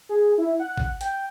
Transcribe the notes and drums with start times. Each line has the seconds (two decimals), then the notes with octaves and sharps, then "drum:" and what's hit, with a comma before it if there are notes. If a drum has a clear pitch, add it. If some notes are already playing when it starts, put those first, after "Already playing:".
0.09 G#4
0.38 E4
0.60 F#5
0.78 drum: kick G#1
1.01 G5, drum: hi-hat